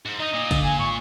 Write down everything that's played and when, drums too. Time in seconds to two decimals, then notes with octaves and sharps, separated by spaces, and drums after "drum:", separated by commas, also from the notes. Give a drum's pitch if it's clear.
0.06 G#2
0.19 D#3 D#4 D#5
0.34 A#2
0.51 D3, drum: kick, cymbal
0.63 G#5
0.79 G#2 C#6